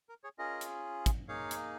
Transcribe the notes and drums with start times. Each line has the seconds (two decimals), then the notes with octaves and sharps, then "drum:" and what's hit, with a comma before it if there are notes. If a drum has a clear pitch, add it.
0.09 A#4
0.24 G#4 C#5
0.39 C#4 F4 G#4 A#4 D#5
0.61 drum: hi-hat
1.06 drum: kick, hi-hat
1.28 A#3 D#4 G#4 C#5 F5
1.51 drum: hi-hat